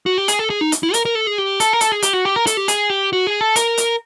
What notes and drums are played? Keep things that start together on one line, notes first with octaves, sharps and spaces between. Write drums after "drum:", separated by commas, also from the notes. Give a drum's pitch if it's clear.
F#4
G4
G#4, drum: hi-hat
A4
G#4
D#4
drum: hi-hat
E4
A#4, drum: hi-hat
A#4
A4
G#4
G4
A4, drum: hi-hat
A#4
A4, drum: hi-hat
G#4
G4, drum: hi-hat
F#4
G4
A#4
A4, drum: hi-hat
G4
G#4, drum: hi-hat
G4
F#4
G#4
A4
A#4, drum: hi-hat
drum: hi-hat